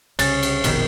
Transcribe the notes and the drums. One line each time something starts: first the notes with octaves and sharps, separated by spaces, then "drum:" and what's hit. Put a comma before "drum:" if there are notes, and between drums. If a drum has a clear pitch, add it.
C2 C#3 C#4 G#4 A6, drum: cymbal
drum: cymbal
F1 A#1 F2 B2 D#3 G5, drum: cymbal